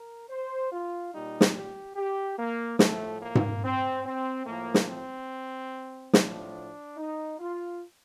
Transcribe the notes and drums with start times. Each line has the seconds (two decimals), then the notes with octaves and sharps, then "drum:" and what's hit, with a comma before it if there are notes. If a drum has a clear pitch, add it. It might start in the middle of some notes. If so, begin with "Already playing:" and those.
Already playing: A#4
0.29 C5
0.72 F4
1.12 A#2 G3 D#4
1.41 drum: snare
1.54 G4
1.96 G4
2.38 A#3
2.79 A2 F3 A3, drum: snare
3.22 A#3
3.35 drum: tom G#2
3.64 C4
4.05 C4
4.46 A2 F3 A#3
4.74 drum: snare
4.88 C4
6.13 A2 F3 D4, drum: snare
6.97 D#4
7.39 F4